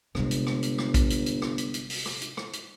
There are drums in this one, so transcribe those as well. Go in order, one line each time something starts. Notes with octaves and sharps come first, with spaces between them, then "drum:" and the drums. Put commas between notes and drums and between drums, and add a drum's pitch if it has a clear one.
G1 C3 G#3, drum: rim click
drum: hi-hat
drum: rim click
drum: hi-hat
drum: rim click
drum: kick A#1, hi-hat
drum: hi-hat
drum: hi-hat
drum: rim click
drum: hi-hat
drum: hi-hat
drum: open hi-hat
drum: rim click
drum: hi-hat
drum: rim click
drum: hi-hat